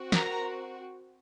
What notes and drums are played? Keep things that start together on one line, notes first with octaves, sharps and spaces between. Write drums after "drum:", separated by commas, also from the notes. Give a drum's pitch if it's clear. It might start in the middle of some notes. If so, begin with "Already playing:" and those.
Already playing: C4 F#4
A#4 A#5, drum: snare